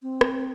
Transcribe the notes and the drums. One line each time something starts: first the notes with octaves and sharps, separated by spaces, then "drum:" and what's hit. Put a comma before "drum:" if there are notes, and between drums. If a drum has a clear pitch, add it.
C4
drum: rim click